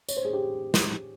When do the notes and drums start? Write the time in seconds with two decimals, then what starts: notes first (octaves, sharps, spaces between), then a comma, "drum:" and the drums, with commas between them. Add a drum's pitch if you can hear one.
0.09 C#5, drum: tambourine
0.17 C5
0.25 G#4
0.33 G4
0.74 drum: snare